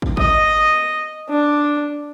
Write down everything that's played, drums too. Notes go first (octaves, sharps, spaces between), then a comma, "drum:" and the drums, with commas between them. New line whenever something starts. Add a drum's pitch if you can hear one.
drum: kick
D#5, drum: kick
D4